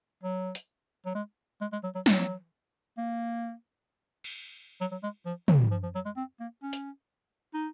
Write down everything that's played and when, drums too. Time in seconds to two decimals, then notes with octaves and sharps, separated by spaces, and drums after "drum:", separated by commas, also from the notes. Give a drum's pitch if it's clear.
0.23 F#3
0.55 drum: hi-hat
1.06 F#3
1.15 G#3
1.61 G#3
1.73 G#3
1.84 F#3
1.95 F#3
2.06 F#3, drum: snare
2.98 A#3
4.24 drum: cymbal
4.81 F#3
4.91 F#3
5.03 G#3
5.26 F3
5.48 F#3, drum: tom
5.71 F3
5.83 F3
5.95 F#3
6.05 G#3
6.17 C4
6.40 A#3
6.63 C#4
6.73 drum: hi-hat
7.54 D#4